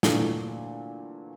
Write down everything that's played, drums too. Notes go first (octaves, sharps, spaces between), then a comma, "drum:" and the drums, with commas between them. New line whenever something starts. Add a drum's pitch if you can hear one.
A#2 D3 E3 F#3 A3, drum: snare